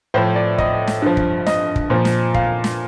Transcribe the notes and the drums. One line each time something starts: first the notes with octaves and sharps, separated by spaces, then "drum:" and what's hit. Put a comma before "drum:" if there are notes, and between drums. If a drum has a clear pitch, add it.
A2 F3 C5
D5
D#5, drum: kick
drum: snare
G2 F3
drum: kick
D#5, drum: snare
drum: kick
A#2 F3
drum: snare
F5, drum: kick
drum: snare